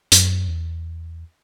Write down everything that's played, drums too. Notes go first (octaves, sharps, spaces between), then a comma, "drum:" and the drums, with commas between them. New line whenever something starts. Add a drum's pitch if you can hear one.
F#2, drum: hi-hat
E2